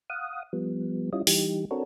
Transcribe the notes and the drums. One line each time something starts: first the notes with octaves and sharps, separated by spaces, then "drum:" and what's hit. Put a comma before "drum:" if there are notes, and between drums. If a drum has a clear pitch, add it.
F5 F#5 D#6
F3 G3 B3
G3 C#4 E4 F4 D#5
E3 G3 D#4 G4, drum: open hi-hat
C4 D4 F#4 A4 A#4 C#5